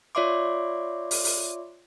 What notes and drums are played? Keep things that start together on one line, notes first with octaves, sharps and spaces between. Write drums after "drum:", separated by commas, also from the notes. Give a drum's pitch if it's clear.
F4 C#5 D5 E5 C6 D6
drum: open hi-hat
drum: open hi-hat